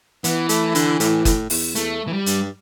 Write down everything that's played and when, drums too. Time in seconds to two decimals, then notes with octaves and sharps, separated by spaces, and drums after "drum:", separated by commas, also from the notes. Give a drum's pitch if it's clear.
0.24 E3 B3, drum: hi-hat
0.49 A3, drum: hi-hat
0.75 D3, drum: hi-hat
1.00 A2, drum: hi-hat
1.25 A2, drum: kick F#1, hi-hat
1.50 E2, drum: open hi-hat
1.75 E2 A3, drum: hi-hat
2.08 E3
2.13 G3
2.26 G2, drum: hi-hat